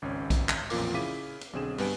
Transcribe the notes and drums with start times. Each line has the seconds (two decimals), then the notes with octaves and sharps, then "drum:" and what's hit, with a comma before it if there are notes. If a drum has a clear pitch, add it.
0.02 G#1 C#2 C#4
0.30 drum: kick, hi-hat
0.49 drum: clap
0.70 A1 F2 A#2 F4 A#4 D6, drum: open hi-hat
0.94 C#3 E4 F5 D6 B6 D#7
1.41 drum: hi-hat
1.53 B1 D3 C4 G#4 E7
1.78 G2 G3 B3 B4 G#5 D7, drum: open hi-hat